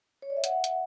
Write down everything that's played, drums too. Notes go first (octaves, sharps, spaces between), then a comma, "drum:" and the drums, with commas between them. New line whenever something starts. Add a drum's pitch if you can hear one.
C#5
D5
E5
F#5, drum: hi-hat
drum: hi-hat